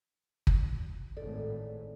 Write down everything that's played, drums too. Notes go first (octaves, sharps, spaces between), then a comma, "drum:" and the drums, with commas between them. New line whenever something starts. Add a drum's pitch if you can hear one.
drum: kick
G#1 A2 A4 D5